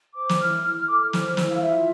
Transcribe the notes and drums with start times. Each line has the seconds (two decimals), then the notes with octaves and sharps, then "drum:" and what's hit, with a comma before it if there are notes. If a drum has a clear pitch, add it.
0.15 C5 D6
0.29 drum: snare
0.39 E4 F6
0.64 E4 F6
0.76 F6
0.88 A4 D6
1.01 F6
1.13 C5 F6, drum: snare
1.25 F6
1.37 E4 E6, drum: snare
1.49 F5
1.61 F4 E5